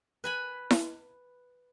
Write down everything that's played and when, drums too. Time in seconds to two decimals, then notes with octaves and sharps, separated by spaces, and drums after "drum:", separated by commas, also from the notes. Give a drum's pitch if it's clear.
0.24 B4 G#5 B5
0.71 drum: snare E4